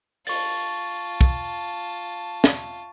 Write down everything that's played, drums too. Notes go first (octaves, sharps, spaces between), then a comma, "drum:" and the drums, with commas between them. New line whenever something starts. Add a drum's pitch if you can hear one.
F4 A5 C#6 A6, drum: open hi-hat
drum: kick
drum: snare